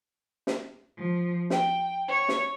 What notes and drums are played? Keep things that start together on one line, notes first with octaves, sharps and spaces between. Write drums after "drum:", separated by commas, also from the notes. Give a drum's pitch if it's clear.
drum: snare
F3
G5, drum: snare
C#5
drum: snare